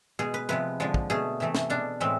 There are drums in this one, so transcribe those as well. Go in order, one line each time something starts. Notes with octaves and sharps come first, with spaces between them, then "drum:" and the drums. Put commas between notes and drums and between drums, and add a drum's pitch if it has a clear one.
B2 G#3 G#4
B4
C3 F3 G#3 B4
D3 F3 G#3
drum: kick
B2 A3 G#4
C3 E3 A3
drum: snare
B2 G#3 D4
A2 E3 G#3 C4